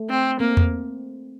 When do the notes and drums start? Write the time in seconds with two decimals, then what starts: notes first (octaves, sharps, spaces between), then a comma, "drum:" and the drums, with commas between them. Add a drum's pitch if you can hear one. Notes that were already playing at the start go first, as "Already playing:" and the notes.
Already playing: A3
0.10 C4
0.40 A#3 C4
0.57 drum: tom E2